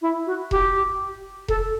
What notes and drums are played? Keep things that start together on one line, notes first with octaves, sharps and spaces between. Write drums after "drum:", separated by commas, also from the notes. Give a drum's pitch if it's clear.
E4
F#4
G4, drum: kick E1
A4, drum: kick E1